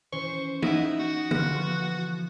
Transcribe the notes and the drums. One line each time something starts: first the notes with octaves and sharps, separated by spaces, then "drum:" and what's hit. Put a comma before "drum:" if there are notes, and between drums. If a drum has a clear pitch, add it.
E3 C#4 C5 C#6
D#4 E4 F#5, drum: tom
F#4
D3 E3 F3 B3 F#6, drum: tom